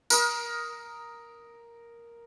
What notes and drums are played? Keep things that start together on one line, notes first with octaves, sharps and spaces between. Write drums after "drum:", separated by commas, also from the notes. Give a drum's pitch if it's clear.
A#4 D#6, drum: tambourine